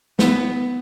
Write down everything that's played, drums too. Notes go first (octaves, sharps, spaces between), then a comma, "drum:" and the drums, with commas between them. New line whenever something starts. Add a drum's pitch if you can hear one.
B3, drum: snare